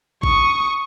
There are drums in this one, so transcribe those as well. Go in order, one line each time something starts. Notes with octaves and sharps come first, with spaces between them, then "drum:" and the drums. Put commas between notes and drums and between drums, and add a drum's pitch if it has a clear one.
C#6 D#6, drum: kick A1